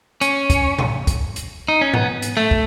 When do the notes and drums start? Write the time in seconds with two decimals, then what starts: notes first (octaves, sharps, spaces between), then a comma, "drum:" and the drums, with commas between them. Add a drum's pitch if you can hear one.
0.21 C#4, drum: hi-hat
0.50 drum: kick, hi-hat
0.78 drum: tom G#2
1.07 drum: kick, hi-hat
1.36 drum: hi-hat
1.68 D#4
1.81 C#4
1.94 B3, drum: tom G#2
2.22 drum: hi-hat
2.37 A3
2.51 drum: kick